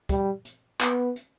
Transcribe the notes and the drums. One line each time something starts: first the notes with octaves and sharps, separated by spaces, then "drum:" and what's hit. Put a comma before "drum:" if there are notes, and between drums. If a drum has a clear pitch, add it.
G3, drum: kick, hi-hat
drum: hi-hat
B3, drum: clap
drum: hi-hat